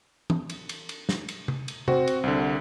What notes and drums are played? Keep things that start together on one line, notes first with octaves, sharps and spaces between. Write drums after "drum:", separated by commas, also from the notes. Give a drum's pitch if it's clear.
drum: tom
drum: cymbal
drum: cymbal
drum: cymbal
drum: snare
drum: cymbal
drum: tom
drum: cymbal
C4 F#4, drum: tom
drum: cymbal
C2 D3